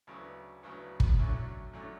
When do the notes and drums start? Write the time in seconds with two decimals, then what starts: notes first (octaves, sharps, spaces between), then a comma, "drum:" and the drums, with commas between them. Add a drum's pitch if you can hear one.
0.07 D2 C#3 F#3 B3
0.63 D2 C#3 F#3 B3
1.00 drum: kick
1.19 F#2 D3 F#3 A3 C#4
1.73 F#2 D3 F#3 A3 C#4